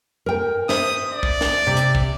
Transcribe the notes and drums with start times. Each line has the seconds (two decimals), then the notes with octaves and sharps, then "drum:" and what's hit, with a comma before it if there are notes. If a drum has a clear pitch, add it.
0.26 A#4 G5
0.69 C5 E5 D#6, drum: snare
1.13 D5
1.23 drum: kick
1.41 drum: snare
1.67 C3
1.77 drum: hi-hat
1.95 drum: kick